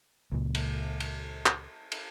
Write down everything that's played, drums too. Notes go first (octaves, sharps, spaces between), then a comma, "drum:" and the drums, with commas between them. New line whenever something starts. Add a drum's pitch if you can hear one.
C#2 A#2
drum: cymbal
drum: cymbal
drum: clap
drum: cymbal